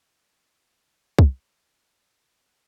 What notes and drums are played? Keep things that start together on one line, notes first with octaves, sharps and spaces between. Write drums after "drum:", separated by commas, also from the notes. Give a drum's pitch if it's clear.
E5
F#5
A6
F#6, drum: kick
E6
B5
E5
F#6
E6
B5
F#5